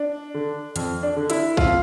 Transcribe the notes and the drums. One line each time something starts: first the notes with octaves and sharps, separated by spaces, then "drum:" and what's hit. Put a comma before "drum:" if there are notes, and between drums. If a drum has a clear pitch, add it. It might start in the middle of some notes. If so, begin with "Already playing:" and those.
Already playing: D4
D3
F2, drum: hi-hat
D4
D3
E4, drum: hi-hat
F2 F4, drum: kick A#1